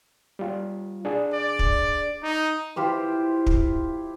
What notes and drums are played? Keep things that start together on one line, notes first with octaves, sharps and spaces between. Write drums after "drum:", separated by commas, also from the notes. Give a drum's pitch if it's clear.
G3 F4
D4 G#4
D5
drum: kick
D#4
E4 F4 G4 C5
drum: kick